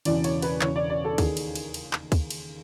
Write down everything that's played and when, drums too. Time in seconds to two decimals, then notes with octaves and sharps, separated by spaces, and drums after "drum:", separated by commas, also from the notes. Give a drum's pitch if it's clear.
0.05 E1 E2 C#3 E3 D5, drum: cymbal
0.24 C#5, drum: cymbal
0.42 B4, drum: cymbal
0.61 E1 E2 C#3 C#5, drum: clap
0.76 D5
0.90 D5
1.05 A4
1.18 D#2 D#3 G#4, drum: kick, cymbal
1.37 drum: cymbal
1.56 drum: cymbal
1.74 drum: cymbal
1.93 drum: clap
2.12 drum: kick, cymbal
2.30 drum: cymbal